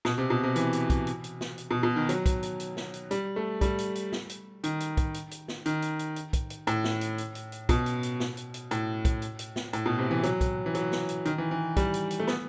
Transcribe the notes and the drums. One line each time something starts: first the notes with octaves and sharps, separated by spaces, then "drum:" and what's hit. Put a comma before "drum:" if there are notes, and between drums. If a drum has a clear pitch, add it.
B2, drum: snare
C3
B2
C3
E3, drum: hi-hat
drum: hi-hat
drum: kick, hi-hat
drum: hi-hat
drum: hi-hat
drum: snare
drum: hi-hat
B2
B2
D#3
F#3, drum: hi-hat
drum: kick, hi-hat
drum: hi-hat
drum: hi-hat
drum: snare
drum: hi-hat
G3, drum: hi-hat
A3
G3, drum: kick, hi-hat
drum: hi-hat
drum: hi-hat
drum: snare
drum: hi-hat
D#3, drum: hi-hat
drum: hi-hat
drum: kick, hi-hat
drum: hi-hat
drum: hi-hat
drum: snare
D#3, drum: hi-hat
drum: hi-hat
drum: hi-hat
drum: hi-hat
drum: kick, hi-hat
drum: hi-hat
A2, drum: hi-hat
drum: snare
drum: hi-hat
drum: hi-hat
drum: hi-hat
drum: hi-hat
B2, drum: kick, hi-hat
drum: hi-hat
drum: hi-hat
drum: snare
drum: hi-hat
drum: hi-hat
A2, drum: hi-hat
drum: kick, hi-hat
drum: hi-hat
drum: hi-hat
drum: snare
A2, drum: hi-hat
B2
C3
E3
F#3, drum: hi-hat
drum: kick, hi-hat
E3
F#3, drum: hi-hat
drum: snare
drum: hi-hat
D#3, drum: hi-hat
E3
E3
G3, drum: kick, hi-hat
drum: hi-hat
drum: hi-hat
A3
B3, drum: snare